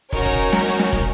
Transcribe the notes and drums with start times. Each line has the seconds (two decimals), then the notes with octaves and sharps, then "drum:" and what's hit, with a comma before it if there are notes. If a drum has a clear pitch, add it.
0.12 C#4 D#4 F#4 A#4 C#5, drum: kick
0.26 drum: kick
0.52 drum: snare
0.79 drum: snare
0.93 drum: kick